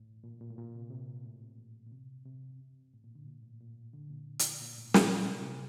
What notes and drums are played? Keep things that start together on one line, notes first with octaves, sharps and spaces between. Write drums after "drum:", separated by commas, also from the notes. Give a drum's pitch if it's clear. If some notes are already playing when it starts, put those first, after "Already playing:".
Already playing: A2
A#2
A#2
A2
A#2
C3
C3
A2
A#2
A#2
C3
C3
A2
A#2
D3
A#2
A2
A#2
D3
A#2
drum: hi-hat
A#2
A2
A#2, drum: snare
C3
C3